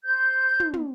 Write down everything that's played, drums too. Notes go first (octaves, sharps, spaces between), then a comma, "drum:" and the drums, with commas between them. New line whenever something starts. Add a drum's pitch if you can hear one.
C5 G6
drum: tom
drum: tom